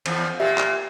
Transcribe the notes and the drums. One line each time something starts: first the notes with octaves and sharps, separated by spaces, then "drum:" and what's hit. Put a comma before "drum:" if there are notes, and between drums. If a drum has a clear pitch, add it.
E2 F3, drum: cymbal
A#2 A#3 G4 E5
drum: clap